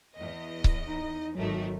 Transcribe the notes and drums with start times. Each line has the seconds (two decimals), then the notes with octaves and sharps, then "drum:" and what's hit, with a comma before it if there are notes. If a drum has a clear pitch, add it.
0.14 E2 D#5
0.64 drum: kick C#1
0.87 D#4
1.35 G#1 D#3 F#3 A3